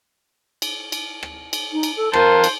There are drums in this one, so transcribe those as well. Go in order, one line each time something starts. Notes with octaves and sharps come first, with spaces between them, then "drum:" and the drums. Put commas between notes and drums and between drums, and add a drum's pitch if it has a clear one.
drum: cymbal
drum: cymbal
drum: rim click
drum: cymbal
D#4
drum: cymbal
A4
F4 A4 A#4 C5, drum: rim click
drum: cymbal